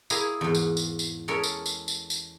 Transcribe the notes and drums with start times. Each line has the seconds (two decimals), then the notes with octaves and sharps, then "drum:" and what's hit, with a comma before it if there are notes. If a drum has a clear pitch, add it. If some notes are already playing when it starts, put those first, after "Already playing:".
0.10 A#3 E4 G#4 A#5, drum: tambourine
0.41 E2 G#2
0.55 drum: tambourine
0.77 drum: tambourine
0.99 drum: tambourine
1.28 G#3 C#4 A4 A#4 C#5
1.43 drum: tambourine
1.66 drum: tambourine
1.88 drum: tambourine
2.10 drum: tambourine